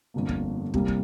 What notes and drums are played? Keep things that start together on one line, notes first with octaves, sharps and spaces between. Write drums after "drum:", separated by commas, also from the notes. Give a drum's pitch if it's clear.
G1 F2 D3 A#3
drum: kick
C2 C3 G3 A#3, drum: kick
drum: kick